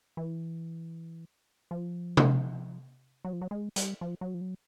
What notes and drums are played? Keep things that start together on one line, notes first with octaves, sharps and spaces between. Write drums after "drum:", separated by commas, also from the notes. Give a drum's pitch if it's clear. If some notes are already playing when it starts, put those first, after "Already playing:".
E3
F3
drum: tom C3
F#3
F3
F#3
G#3
G3, drum: hi-hat
F3
F#3
F3
F#3